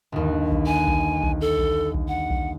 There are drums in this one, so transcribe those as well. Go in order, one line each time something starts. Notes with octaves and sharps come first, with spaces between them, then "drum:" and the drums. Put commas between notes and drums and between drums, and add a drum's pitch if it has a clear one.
G1 D#2
drum: kick B1
G#5
drum: kick B1
drum: kick B1
A4
drum: kick B1
drum: kick B1
F#5
drum: kick B1